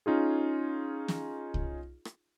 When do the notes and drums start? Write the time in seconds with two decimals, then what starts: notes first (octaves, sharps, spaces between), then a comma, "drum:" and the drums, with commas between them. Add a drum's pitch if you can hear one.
0.06 C#4 D#4 F4 G#4
1.08 drum: snare
1.54 drum: kick C2
2.05 drum: rim click